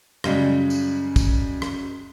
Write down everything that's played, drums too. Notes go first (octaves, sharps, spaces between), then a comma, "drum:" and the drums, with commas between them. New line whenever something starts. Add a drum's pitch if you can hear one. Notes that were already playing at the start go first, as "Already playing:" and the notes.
F#2 C#3 G3 G#3, drum: rim click
drum: tambourine
drum: kick, tambourine
drum: rim click